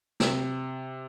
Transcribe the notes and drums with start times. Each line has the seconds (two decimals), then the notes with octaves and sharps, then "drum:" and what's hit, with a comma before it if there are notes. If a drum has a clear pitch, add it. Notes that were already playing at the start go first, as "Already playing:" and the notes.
0.20 C3, drum: snare